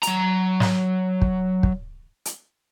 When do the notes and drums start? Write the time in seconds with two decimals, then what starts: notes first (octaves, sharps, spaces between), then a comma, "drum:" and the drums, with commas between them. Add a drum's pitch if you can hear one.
0.03 F#3 A#5, drum: hi-hat
0.60 drum: snare
1.22 drum: kick
1.63 drum: kick
2.25 drum: hi-hat